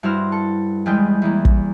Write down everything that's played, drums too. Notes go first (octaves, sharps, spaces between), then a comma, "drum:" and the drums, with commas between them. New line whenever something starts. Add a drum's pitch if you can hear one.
G2 E4 F#4 C5 F6
A4
E2 G3 G#3 D#5 G5 G6
E2 E3 A#3
drum: kick